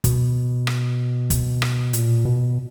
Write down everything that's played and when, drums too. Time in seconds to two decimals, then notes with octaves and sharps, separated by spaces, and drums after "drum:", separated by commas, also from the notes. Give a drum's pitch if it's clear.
0.04 B2, drum: kick, hi-hat
0.67 drum: rim click
1.30 drum: kick, hi-hat
1.62 drum: rim click
1.93 A#2, drum: hi-hat
2.25 B2